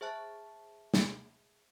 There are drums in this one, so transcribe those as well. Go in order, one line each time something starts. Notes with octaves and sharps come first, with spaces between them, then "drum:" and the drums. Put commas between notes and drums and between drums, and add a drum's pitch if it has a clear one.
G#4 C5 E5 A5 F#6
drum: snare